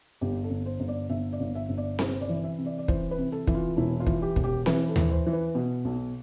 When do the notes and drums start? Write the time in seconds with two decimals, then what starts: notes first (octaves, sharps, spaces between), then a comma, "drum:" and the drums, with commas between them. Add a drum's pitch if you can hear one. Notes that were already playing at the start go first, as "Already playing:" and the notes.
0.21 G1 G4
0.44 A4
0.50 G1
0.66 C5
0.80 G1
0.88 D5
1.10 G1 E5
1.32 D5
1.40 G1
1.55 E5
1.69 G1
1.77 D5
1.99 C3 C5, drum: snare C4
2.21 D5
2.29 E3
2.44 E5
2.59 C3
2.66 D5
2.78 D5
2.88 E3 C5, drum: kick
3.11 B4
3.18 C3
3.32 A4
3.47 E3, drum: kick
3.55 F4
3.77 E1 E4
4.00 F4
4.07 E3, drum: kick
4.22 G4
4.36 E1, drum: kick
4.44 G4
4.66 E3 B4, drum: snare C4
4.89 A4
4.96 E3, drum: tom D#2
5.11 C5
5.27 E3
5.33 B4
5.55 B2
5.85 B1